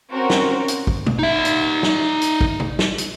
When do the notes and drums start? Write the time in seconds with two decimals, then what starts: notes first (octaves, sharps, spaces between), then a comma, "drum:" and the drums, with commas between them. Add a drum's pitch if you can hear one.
0.11 C4 C#4 F#4 A#4
0.30 drum: snare
0.68 drum: hi-hat
0.87 drum: kick
1.06 drum: tom B2
1.19 D#4 E5
1.45 drum: hi-hat
1.83 drum: snare
2.21 drum: hi-hat
2.41 drum: kick
2.60 drum: tom C3
2.79 drum: snare
2.98 drum: hi-hat